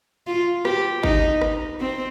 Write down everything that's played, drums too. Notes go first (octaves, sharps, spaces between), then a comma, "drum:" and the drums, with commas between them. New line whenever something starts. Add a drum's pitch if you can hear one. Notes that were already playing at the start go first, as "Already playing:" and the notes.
F4
G4, drum: rim click
D#4, drum: kick G#1
drum: rim click
C4